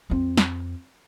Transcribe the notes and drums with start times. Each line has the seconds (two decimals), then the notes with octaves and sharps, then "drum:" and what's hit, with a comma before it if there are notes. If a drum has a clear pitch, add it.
0.10 F2 C4
0.38 drum: snare